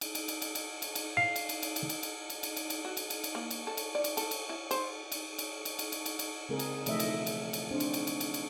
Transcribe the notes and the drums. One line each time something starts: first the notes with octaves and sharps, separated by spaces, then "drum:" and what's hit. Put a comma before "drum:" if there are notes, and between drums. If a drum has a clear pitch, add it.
drum: cymbal
drum: cymbal
drum: cymbal
drum: cymbal
drum: cymbal
drum: cymbal
drum: cymbal
F5
drum: cymbal
drum: cymbal
drum: cymbal
drum: cymbal
drum: cymbal
drum: cymbal
drum: cymbal
drum: cymbal
drum: cymbal
drum: cymbal
F#4
drum: cymbal
drum: cymbal
drum: cymbal
A#3
drum: cymbal
A4
drum: cymbal
D5
drum: cymbal
A4, drum: cymbal
drum: cymbal
E4
C5, drum: cymbal
drum: cymbal
drum: cymbal
drum: cymbal
drum: cymbal
drum: cymbal
drum: cymbal
drum: cymbal
C#3 G#3 C4 G#4 A#4
drum: cymbal
B2 E3 F3 A3 D#5 E5, drum: cymbal
drum: cymbal
drum: cymbal
drum: cymbal
C4 D4 C5
drum: cymbal
drum: cymbal
drum: cymbal
drum: cymbal
drum: cymbal